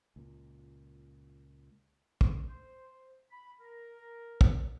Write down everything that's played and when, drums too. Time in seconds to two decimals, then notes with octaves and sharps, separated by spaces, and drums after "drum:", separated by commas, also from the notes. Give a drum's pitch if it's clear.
0.16 C#2 A#2
2.21 drum: kick
2.48 C5
3.31 B5
3.60 A#4
4.41 drum: kick